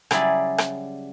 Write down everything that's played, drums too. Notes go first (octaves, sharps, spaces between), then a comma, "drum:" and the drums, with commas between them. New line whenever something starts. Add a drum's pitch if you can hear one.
C#3 F#3 G3 E4 G#4 D5, drum: rim click
drum: rim click